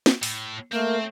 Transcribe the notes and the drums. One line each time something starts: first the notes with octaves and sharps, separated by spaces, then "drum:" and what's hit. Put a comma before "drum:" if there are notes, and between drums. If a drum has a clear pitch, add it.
drum: snare
A2, drum: open hi-hat
A3 A#3 C4 A#4